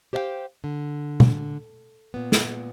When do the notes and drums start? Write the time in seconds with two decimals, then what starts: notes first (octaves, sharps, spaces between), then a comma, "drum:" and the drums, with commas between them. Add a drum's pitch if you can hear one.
0.13 G4 C5 D5 E5 F5 G5
0.64 D3
1.20 drum: tom B2
2.14 A#2 B3
2.32 drum: snare